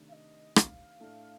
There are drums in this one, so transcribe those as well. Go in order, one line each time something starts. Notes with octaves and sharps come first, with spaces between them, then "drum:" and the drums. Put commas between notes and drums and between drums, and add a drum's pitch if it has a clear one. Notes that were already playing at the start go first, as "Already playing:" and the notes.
Already playing: C3 D#3 A3 D4
F5
D#5
F5, drum: rim click
A2 A3 D4 A4